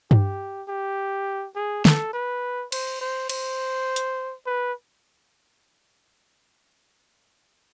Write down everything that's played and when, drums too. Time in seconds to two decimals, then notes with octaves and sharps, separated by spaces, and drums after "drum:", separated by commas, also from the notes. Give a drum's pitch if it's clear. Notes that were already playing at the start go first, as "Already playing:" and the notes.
0.11 G4, drum: tom G2
0.68 G4
1.55 G#4
1.85 A4, drum: snare
2.13 B4
2.72 C5, drum: cymbal
3.01 C5
3.29 C5, drum: cymbal
3.96 drum: hi-hat
4.46 B4